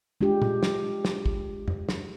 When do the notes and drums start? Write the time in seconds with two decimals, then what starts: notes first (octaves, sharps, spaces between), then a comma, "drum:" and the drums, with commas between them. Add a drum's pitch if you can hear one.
0.21 G#3 D4 F4 G4
0.42 drum: tom
0.63 drum: snare
1.05 drum: snare
1.26 drum: kick
1.68 drum: tom
1.89 drum: snare